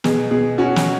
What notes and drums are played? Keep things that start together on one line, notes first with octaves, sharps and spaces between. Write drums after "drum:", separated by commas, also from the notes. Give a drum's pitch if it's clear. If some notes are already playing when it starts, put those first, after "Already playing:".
B2 G#4, drum: snare
B2 G#4
C#4 F#4
drum: snare